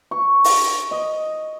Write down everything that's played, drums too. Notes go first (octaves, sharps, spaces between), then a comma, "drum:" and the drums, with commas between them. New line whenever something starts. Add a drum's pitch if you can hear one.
C#6
drum: open hi-hat
D#5